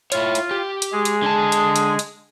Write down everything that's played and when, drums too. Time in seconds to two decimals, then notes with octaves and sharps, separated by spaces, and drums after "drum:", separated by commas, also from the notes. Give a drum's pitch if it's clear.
0.12 E4 F4 C#5, drum: hi-hat
0.35 drum: hi-hat
0.51 G4
0.82 drum: hi-hat
0.92 G#3 G#4
1.05 drum: hi-hat
1.23 D3 A5
1.52 drum: hi-hat
1.76 drum: hi-hat
1.99 drum: hi-hat